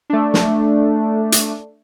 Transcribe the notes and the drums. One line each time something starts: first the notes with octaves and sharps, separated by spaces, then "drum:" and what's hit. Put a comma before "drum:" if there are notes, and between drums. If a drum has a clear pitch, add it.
A3 D4
drum: snare
drum: hi-hat